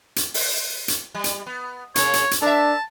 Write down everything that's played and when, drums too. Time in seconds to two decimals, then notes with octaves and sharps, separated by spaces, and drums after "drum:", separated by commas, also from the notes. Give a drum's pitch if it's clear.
0.16 drum: hi-hat
0.34 drum: open hi-hat
0.88 drum: hi-hat
1.15 G3
1.24 drum: hi-hat
1.46 B3
1.96 C#3 A#3 C#5, drum: hi-hat
2.13 drum: hi-hat
2.31 drum: hi-hat
2.42 D4 A#4 E5 A5